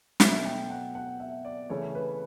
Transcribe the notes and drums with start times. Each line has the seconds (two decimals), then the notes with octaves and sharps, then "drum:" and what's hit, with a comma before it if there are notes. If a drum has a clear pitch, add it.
0.20 B2 F#3 A3 E5, drum: snare
0.45 G5
0.70 F#5
0.95 F#5
1.20 E5
1.45 D5
1.70 C#3 E3 A3 C#5
1.95 B4